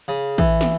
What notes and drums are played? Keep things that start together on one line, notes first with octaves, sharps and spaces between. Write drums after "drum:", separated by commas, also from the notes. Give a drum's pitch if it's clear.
C#3
E3 A4, drum: kick
drum: snare